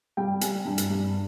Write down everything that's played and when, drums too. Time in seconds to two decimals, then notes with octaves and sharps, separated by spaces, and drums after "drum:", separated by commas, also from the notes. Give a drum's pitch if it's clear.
0.17 G3 G5
0.41 G3 G#5, drum: hi-hat
0.65 G2
0.78 drum: hi-hat
0.90 G2